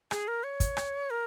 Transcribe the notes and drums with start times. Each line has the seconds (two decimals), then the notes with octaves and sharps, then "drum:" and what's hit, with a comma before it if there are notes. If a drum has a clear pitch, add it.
0.11 G#4, drum: rim click
0.28 A#4
0.43 C#5
0.60 drum: kick, hi-hat
0.77 drum: rim click
1.10 A#4